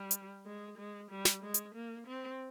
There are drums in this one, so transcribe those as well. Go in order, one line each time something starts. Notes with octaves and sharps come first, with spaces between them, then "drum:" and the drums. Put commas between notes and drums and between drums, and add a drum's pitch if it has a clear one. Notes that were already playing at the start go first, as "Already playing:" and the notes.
Already playing: G3
drum: hi-hat
G#3
G#3
G3
drum: snare
G#3
drum: hi-hat
A#3
C4